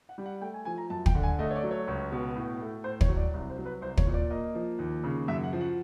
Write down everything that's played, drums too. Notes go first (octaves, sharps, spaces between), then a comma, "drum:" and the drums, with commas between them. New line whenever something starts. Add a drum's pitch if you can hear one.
F#5
G3
F#5
A3 G5
G#5
F3 G#5
A#5
F#2 A5
G5, drum: kick
D3
G#5
A3 D#5
C#5
D5
F#3
C#5
C#2
B2
A2
A3
A2 C5
C#5, drum: kick
F#3
D5
C2
C5
F#3
B4
C2 C5
C#5, drum: kick
A#2
D5
A#3 D#5
F3
D#2
C#3
F#2 E5
F#5
F3
F#5